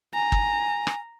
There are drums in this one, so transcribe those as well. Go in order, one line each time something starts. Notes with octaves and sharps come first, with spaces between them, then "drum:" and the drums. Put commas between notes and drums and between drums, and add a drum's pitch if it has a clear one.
G#5 A#5
drum: kick
drum: rim click